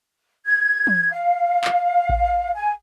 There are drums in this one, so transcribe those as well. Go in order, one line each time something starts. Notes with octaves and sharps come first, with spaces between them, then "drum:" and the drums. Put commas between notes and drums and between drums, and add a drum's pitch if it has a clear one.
G#6
drum: tom
F5
drum: clap
drum: kick A1
G#5